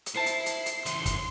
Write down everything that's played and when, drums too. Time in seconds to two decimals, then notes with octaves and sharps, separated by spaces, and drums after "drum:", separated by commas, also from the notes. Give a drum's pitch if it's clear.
0.06 drum: hi-hat
0.16 E4 C5 E5 A5 C7
0.26 drum: hi-hat
0.46 drum: hi-hat
0.66 drum: hi-hat
0.86 C#3 E3 C6, drum: hi-hat
1.06 drum: kick, hi-hat